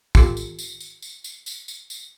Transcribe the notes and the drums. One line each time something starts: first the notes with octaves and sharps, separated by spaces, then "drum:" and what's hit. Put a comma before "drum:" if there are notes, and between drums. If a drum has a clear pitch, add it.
F4 G4 A4, drum: kick, tambourine
drum: tambourine
drum: tambourine
drum: tambourine
drum: tambourine
drum: tambourine
drum: tambourine
drum: tambourine
drum: tambourine